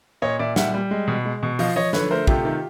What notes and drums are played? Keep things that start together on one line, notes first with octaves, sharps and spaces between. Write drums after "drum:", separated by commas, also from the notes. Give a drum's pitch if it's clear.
A#2 C#5 D#5
A#2 D5 E5
G3 E5 F#5, drum: snare
G3
G#3
B2
G#3
B2
F3 D#5 F5, drum: open hi-hat
F3 C#5 D#5
D3 B4 C#5, drum: snare
A3 A#4 C5
C3 F4 G4, drum: kick
D#3